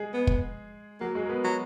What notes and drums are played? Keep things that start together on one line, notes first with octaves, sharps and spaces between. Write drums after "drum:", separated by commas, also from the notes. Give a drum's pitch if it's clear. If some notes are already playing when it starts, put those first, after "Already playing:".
Already playing: G#3 G#4
B3
drum: kick
F#3 A#3 F#4
G#3 G#4
A#4
B3 B4
F#3